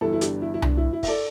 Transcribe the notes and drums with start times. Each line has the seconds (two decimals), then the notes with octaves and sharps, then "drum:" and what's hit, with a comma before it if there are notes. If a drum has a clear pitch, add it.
0.01 G1 G2 E3 G3 E4 A4
0.13 E4
0.21 D4 G4, drum: hi-hat
0.42 E4
0.54 E4
0.62 D4, drum: tom C2
0.77 E4
0.93 E4
1.03 E5, drum: kick, open hi-hat
1.08 A4 D5